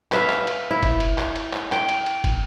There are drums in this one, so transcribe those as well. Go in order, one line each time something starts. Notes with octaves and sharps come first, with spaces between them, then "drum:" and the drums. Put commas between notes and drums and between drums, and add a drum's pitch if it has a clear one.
B4 E5 F5, drum: clap
drum: clap
drum: cymbal
E4
drum: kick, cymbal
drum: cymbal
drum: clap
drum: cymbal
drum: clap
G5, drum: clap
drum: cymbal
drum: cymbal
drum: kick, cymbal